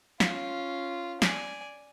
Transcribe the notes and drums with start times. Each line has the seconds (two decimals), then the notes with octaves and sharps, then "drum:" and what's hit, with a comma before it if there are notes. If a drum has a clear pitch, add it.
0.20 C#4 F4, drum: snare
1.22 D5 G#5, drum: snare